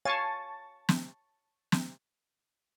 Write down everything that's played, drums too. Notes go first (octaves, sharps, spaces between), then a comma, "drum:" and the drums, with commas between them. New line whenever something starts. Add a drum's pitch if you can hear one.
C#5 F5 G#5 A5 C#6 A6
drum: snare
drum: snare